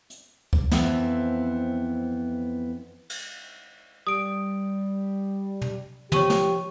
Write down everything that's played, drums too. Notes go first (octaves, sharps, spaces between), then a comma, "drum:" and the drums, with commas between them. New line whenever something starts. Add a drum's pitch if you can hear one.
drum: hi-hat
drum: kick C#2
F2 E3 B3 C4 E5 A5, drum: snare
drum: cymbal
G3 D#6 D7
drum: tom
F3 G4 C#5 C#6 D#7, drum: tom
drum: snare